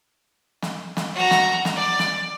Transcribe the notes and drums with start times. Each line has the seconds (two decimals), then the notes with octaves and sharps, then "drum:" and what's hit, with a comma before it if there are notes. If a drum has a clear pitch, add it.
0.62 drum: snare
0.97 drum: snare
1.14 F#4 A#5
1.31 drum: snare
1.65 drum: snare
1.75 D5
1.99 drum: snare